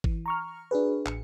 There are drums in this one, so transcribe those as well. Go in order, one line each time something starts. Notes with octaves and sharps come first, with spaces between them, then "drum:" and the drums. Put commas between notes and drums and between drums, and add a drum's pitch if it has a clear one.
E3, drum: kick G#1
A#5 C#6 F6
D4 F#4 G#4 B4
A1 C#7, drum: clap